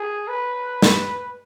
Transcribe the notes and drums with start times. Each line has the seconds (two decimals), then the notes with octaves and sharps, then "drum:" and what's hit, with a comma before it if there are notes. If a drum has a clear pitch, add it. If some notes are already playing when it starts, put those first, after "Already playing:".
Already playing: G#4
0.28 B4
0.82 drum: snare